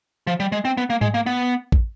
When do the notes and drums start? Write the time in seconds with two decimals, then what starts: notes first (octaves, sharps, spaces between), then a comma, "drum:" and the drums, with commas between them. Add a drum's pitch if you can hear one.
0.27 F3
0.40 G3
0.52 G#3
0.65 C4
0.77 B3
0.90 A#3
1.01 G#3, drum: tom G#2
1.14 A#3
1.26 B3
1.72 drum: kick A1